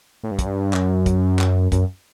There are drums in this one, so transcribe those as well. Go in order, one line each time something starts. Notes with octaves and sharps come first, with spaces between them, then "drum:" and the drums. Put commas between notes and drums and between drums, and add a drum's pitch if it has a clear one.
A2
G2
F#2, drum: kick, hi-hat
G2
F#2, drum: clap
drum: kick, hi-hat
drum: clap
F#2, drum: kick, hi-hat